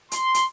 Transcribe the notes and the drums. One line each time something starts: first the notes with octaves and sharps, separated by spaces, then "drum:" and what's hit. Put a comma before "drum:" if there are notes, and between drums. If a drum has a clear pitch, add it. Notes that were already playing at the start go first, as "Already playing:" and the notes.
C6, drum: hi-hat
drum: hi-hat